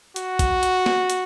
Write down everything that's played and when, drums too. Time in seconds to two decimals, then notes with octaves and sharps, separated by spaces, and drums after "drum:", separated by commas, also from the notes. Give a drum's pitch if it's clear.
0.16 F#4, drum: hi-hat
0.39 drum: kick, hi-hat
0.63 drum: hi-hat
0.86 drum: snare B3
1.10 drum: hi-hat